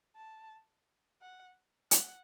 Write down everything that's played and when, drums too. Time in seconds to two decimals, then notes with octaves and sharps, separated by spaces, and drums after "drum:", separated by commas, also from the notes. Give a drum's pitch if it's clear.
0.16 A5
1.22 F#5
1.91 F#5, drum: hi-hat